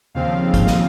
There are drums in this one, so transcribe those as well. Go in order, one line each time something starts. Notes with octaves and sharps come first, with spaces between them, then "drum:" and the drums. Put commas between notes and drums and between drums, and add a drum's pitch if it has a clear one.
D#2 C#3 F3 C4 F5
drum: kick, hi-hat
drum: snare